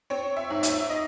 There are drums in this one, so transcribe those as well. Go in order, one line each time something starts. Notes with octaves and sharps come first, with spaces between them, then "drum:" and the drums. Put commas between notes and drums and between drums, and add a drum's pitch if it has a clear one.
C4 C#5
E5
G#2
E5, drum: hi-hat
D#5